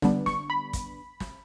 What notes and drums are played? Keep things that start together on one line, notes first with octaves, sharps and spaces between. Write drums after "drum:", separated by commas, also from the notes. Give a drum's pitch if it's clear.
D3 G3 B3 D4, drum: snare
C#6, drum: snare
B5
drum: kick, hi-hat
drum: snare